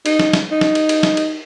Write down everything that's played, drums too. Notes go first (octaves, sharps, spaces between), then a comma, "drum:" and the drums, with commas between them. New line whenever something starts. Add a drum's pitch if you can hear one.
D#4, drum: cymbal
drum: snare
drum: snare
D#4
drum: snare
drum: cymbal
drum: cymbal
drum: snare
drum: cymbal